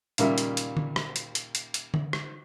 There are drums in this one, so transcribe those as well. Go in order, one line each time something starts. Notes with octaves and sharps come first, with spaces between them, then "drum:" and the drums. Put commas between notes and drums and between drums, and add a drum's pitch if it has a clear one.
D#2 A#2 C#3 G3 A#4 E5, drum: hi-hat
drum: hi-hat
drum: hi-hat
drum: tom D3
drum: rim click
drum: hi-hat
drum: hi-hat
drum: hi-hat
drum: hi-hat
drum: tom D3
drum: rim click